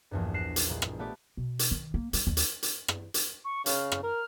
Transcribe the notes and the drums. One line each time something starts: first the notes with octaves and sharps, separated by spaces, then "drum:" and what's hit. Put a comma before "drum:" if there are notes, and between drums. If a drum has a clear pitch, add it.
A#1 E2 G2
F#6 A#6 C7 E7
drum: hi-hat
A#2 G3 G#3
drum: rim click
A3 B3 G4 D5
B2
drum: hi-hat
D#3
A#3
G3, drum: hi-hat
D#2
drum: hi-hat
drum: hi-hat
drum: rim click
drum: hi-hat
C#6
C#3 F6, drum: hi-hat
drum: rim click
A#4 F6